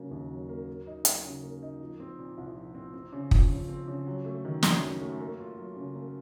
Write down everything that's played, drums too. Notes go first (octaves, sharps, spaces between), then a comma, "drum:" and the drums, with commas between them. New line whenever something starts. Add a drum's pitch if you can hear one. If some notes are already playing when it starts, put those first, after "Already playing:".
Already playing: C#3 F#3 A#3
D#2
F#3
A#3
A#3
D#4
F#3, drum: hi-hat
C#3
A#3
D#4
F3
C4
A#2
C2
F3
C4
C4
C#3
F3, drum: kick
C#3
C4
C#3
F#3
A3
D#3
F#2, drum: snare
F#3
A3
A#3
F4
F#3
C#3
A#3